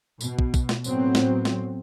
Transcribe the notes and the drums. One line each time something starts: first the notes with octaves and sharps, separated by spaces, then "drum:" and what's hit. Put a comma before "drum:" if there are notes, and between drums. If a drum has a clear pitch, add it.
B2, drum: tambourine
drum: kick
drum: kick, tambourine
drum: snare
A2 F#3 B3 C4, drum: tambourine
drum: snare
drum: snare